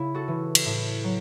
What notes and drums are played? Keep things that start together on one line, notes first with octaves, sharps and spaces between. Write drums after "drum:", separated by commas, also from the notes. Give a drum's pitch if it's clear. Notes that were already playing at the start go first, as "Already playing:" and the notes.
Already playing: C#3 E4
F#4 A4
E3
drum: cymbal
A2
F#3